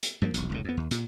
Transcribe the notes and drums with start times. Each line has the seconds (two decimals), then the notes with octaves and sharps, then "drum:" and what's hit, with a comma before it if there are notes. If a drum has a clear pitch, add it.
0.03 drum: hi-hat
0.22 G2 F3 F#3 A#3
0.34 E1 B1, drum: hi-hat
0.50 F1 C#2 A2
0.65 F2 B3
0.77 D#2
0.91 A#2, drum: hi-hat